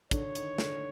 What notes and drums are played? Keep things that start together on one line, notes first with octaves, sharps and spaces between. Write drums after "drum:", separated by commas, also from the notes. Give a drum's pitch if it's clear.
D3 D4 C#5, drum: kick, hi-hat
D#3 D#4, drum: hi-hat
D3 D4, drum: snare